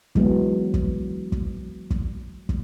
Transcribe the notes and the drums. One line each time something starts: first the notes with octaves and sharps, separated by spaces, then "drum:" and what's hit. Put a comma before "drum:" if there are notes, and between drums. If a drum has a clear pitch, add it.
E3 F#3 G#3 B3, drum: kick
drum: kick
drum: kick
drum: kick
drum: kick